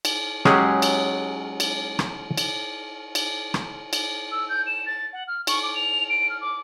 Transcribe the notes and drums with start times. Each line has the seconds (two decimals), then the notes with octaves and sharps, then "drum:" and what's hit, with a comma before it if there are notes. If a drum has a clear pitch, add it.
0.05 drum: cymbal
0.45 F#3 G#3 C#4 G4 G#4, drum: rim click
0.82 drum: cymbal
1.60 drum: cymbal
1.99 drum: rim click
2.38 drum: cymbal
3.15 drum: cymbal
3.54 drum: rim click
3.93 drum: cymbal
4.32 E6
4.49 G6
4.67 E7
4.86 A6
5.13 F#5
5.28 F6
5.47 C#6, drum: cymbal
5.63 D6
5.75 F7
6.09 D7
6.30 F6
6.41 D6